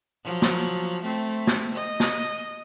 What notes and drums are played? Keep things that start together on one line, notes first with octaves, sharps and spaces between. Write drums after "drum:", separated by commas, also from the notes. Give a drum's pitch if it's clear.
F3 F#3
drum: snare
A3 C4
drum: snare
D#5
drum: snare